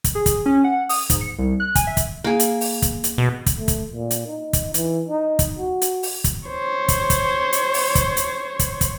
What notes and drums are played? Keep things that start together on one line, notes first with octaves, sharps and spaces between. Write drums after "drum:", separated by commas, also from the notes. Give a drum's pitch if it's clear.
drum: kick, hi-hat
G#4
drum: kick, hi-hat
C#4
F#5
D#6, drum: open hi-hat
G#2, drum: kick, hi-hat
C#7
C2
F#6
G#5, drum: kick, hi-hat
E5
drum: kick, hi-hat
A#3 G#4
drum: hi-hat
drum: open hi-hat
drum: kick, hi-hat
drum: hi-hat
B2
drum: kick, hi-hat
A3
drum: kick, hi-hat
A#2
drum: hi-hat
D#4
drum: kick, hi-hat
E3, drum: hi-hat
D#4
drum: kick, hi-hat
F#4
drum: hi-hat
drum: open hi-hat
drum: kick, hi-hat
C5 C#5
drum: kick, hi-hat
drum: kick, hi-hat
drum: hi-hat
drum: open hi-hat
drum: kick, hi-hat
drum: hi-hat
drum: kick, hi-hat
drum: kick, hi-hat